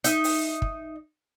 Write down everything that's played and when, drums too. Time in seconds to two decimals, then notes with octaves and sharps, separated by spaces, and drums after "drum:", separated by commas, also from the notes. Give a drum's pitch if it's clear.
0.04 D#4 E5, drum: hi-hat
0.24 drum: open hi-hat
0.62 drum: kick